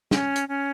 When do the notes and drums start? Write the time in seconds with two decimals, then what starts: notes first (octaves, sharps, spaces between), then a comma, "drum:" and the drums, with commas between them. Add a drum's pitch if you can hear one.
0.11 C#4, drum: snare
0.36 drum: hi-hat
0.48 C#4